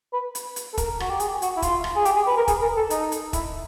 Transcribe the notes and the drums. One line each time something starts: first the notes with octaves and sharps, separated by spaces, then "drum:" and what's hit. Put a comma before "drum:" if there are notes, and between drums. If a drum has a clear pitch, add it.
B4
drum: hi-hat
drum: hi-hat
A4
A#4, drum: kick E1, hi-hat
F#4, drum: rim click
G4
G#4, drum: hi-hat
F#4, drum: hi-hat
E4
F4, drum: kick E1, hi-hat
drum: rim click
G#4
G4, drum: hi-hat
G#4
B4
A#4
G#4, drum: kick E1, hi-hat
A#4
A4
D#4, drum: hi-hat
drum: hi-hat
E4, drum: kick E1, hi-hat